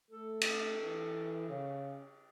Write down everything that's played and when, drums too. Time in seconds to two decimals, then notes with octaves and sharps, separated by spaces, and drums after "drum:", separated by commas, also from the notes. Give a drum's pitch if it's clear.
0.11 A3 A4
0.41 drum: cymbal
0.80 E3
1.48 C#3